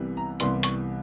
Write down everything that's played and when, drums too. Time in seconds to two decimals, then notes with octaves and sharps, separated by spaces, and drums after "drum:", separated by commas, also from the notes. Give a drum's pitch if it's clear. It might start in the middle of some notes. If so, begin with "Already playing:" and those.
Already playing: C2 C3 E3 G3 B3
0.17 A#5
0.40 C2 C3 E3 G3 B3 C6, drum: hi-hat
0.63 C#6, drum: hi-hat